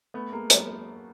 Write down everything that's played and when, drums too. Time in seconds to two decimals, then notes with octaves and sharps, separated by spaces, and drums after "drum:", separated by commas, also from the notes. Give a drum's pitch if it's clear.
0.14 A3 B3
0.32 G#3 A#3
0.50 F#3 G#3, drum: hi-hat